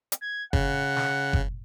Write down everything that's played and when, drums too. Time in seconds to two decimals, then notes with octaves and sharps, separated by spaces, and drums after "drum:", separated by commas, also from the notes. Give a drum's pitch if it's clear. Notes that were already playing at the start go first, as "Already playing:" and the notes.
0.12 drum: hi-hat
0.22 G#6
0.53 C#3 F#5, drum: kick F#1
0.97 drum: snare
1.33 drum: kick F#1